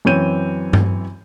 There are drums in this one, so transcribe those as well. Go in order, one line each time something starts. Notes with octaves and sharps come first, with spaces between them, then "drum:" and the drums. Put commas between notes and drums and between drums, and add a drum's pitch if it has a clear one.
F#2 E3 C4 C#5 G6 D#7
drum: tom G2